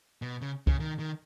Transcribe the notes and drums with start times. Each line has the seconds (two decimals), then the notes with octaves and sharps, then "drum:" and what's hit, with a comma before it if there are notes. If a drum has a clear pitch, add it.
0.22 B2
0.42 C#3
0.67 C#3, drum: kick C2
0.80 D#3
0.99 D#3